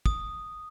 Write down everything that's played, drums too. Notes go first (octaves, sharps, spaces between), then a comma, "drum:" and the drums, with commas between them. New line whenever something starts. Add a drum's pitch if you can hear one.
D#6, drum: kick